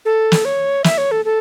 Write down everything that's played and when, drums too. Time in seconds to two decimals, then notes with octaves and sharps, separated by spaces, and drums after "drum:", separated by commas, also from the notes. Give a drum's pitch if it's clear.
0.05 A4
0.32 drum: snare
0.45 C#5
0.84 E5, drum: snare
0.98 C#5
1.11 A4
1.25 A4